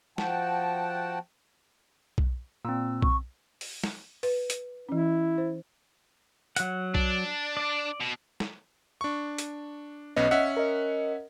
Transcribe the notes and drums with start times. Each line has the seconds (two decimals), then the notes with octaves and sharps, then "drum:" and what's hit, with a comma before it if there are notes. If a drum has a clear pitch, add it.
0.18 F3 F#4 F#5 G5 A5, drum: snare
2.18 drum: kick B1
2.65 A#2 C4 E6
3.02 C#6, drum: kick B1
3.61 drum: open hi-hat
3.84 drum: snare
4.23 B4, drum: open hi-hat
4.50 drum: hi-hat
4.89 E3 C#4 E4
5.38 C5
6.56 F#3 F#5, drum: hi-hat
6.95 D4, drum: kick B1
7.57 D5
8.00 B2
8.40 drum: snare
9.01 D4 C#6
9.38 drum: hi-hat
10.16 B1 B3 C#4 D#5
10.31 C#4 E5 F#5
10.56 A#4 D#5